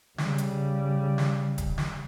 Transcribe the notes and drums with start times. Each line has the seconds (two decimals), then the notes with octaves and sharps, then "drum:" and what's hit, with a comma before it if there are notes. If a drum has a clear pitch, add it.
0.18 C#3 G3, drum: snare
0.38 drum: hi-hat
1.18 drum: snare
1.58 drum: kick, hi-hat
1.78 drum: snare